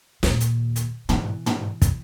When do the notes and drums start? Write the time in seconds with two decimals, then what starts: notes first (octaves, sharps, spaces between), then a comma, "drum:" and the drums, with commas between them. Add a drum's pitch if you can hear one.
0.23 D#2 A#2, drum: snare
0.40 drum: hi-hat
0.76 drum: hi-hat
1.09 B2 E3, drum: tom
1.46 drum: tom
1.82 drum: kick, hi-hat